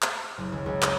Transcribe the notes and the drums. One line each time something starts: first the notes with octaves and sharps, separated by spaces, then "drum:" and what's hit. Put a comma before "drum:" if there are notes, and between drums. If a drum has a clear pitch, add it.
drum: clap
F6
F#1
C#2
C#2
A#5, drum: clap